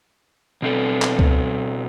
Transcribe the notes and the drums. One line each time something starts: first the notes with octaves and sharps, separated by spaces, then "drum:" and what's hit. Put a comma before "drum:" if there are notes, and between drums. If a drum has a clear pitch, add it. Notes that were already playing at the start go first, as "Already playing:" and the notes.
B2 C4 A4
drum: clap
drum: kick C#2